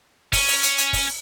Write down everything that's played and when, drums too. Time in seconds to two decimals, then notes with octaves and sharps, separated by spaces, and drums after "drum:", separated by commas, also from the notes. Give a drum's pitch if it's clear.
0.33 C#4, drum: kick, open hi-hat
0.48 drum: open hi-hat
0.63 drum: hi-hat
0.78 drum: hi-hat
0.93 drum: kick, open hi-hat